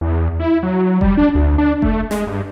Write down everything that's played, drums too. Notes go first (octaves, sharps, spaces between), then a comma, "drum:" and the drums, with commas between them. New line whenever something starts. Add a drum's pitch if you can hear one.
E2
E4
F#3
G3, drum: kick F1
D4
D2
D4
A3, drum: kick F1
G#3, drum: snare
G2